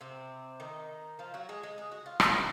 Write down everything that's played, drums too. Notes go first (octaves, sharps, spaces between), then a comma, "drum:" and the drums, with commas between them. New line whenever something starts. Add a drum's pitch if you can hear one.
C3 C4
D#3 D#4
F3 F4
F#3 F#4
G#3 G#4
G#3 G#4
G#4
F#4
F4
F#3 F#4, drum: rim click
C3